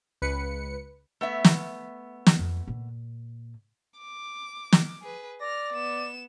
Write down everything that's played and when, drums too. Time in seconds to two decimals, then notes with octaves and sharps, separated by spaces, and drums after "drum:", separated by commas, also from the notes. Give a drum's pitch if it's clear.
0.22 C#2 B4 C#7
1.21 A3 B3 E5
1.45 drum: snare
2.27 drum: snare
2.39 F2 F3
2.68 A#2
3.99 D6
4.73 drum: snare
5.02 G#4 B4
5.41 D5 F6 A#6
5.73 B3 E7